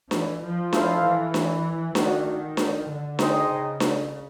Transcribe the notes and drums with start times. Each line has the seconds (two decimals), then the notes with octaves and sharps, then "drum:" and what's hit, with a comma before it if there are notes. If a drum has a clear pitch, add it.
0.11 E3, drum: snare D4
0.42 F3
0.73 E4 A4 C5 F5, drum: snare D4
1.03 E3
1.34 drum: snare D4
1.95 D#3 A3 D4 F#4, drum: snare D4
2.57 drum: snare D4
2.88 D3
3.19 D#4 G#4 C5 D#5 G5, drum: snare D4
3.50 C#3
3.80 drum: snare D4